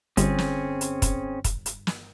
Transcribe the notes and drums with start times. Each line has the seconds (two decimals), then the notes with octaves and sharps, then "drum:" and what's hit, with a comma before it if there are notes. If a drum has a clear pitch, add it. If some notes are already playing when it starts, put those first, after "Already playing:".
0.17 G1 C4 C#4 G#4, drum: hi-hat
0.38 drum: snare
0.81 drum: hi-hat
1.02 drum: kick, hi-hat
1.44 drum: kick, hi-hat
1.66 drum: hi-hat
1.87 drum: snare